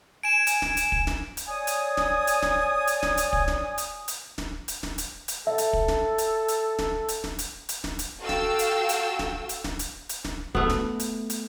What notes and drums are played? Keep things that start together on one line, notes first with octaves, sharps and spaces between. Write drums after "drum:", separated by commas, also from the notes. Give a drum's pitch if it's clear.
G#5 D7 E7
drum: hi-hat
drum: snare
drum: hi-hat
drum: kick
drum: snare
drum: hi-hat
C#5 D5 G#5 D#6
drum: hi-hat
drum: snare
drum: hi-hat
drum: snare
drum: hi-hat
drum: snare
drum: hi-hat
drum: kick
drum: snare
drum: hi-hat
drum: hi-hat
drum: snare
drum: hi-hat
drum: snare
drum: hi-hat
drum: hi-hat
A4 E5
drum: hi-hat
drum: kick
drum: snare
drum: hi-hat
drum: hi-hat
drum: snare
drum: hi-hat
drum: snare
drum: hi-hat
drum: hi-hat
drum: snare
drum: hi-hat
F#4 A4 F5 G5 E6
drum: snare
drum: hi-hat
drum: hi-hat
drum: snare
drum: hi-hat
drum: snare
drum: hi-hat
drum: hi-hat
drum: snare
A3 B3, drum: kick
drum: snare
drum: hi-hat
drum: hi-hat